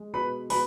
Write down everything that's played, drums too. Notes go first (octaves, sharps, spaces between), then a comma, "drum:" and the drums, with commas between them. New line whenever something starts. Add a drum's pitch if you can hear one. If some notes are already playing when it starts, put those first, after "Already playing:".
Already playing: G#3
B2 B4 B5
B2 B4 B5, drum: open hi-hat